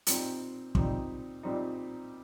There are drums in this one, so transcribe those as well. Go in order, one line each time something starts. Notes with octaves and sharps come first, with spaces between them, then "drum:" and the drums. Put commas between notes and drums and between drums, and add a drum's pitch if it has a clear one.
A#2 G3 C4 D#4, drum: hi-hat
A#2 G3 C4 D#4, drum: kick
A#2 G3 C4 D#4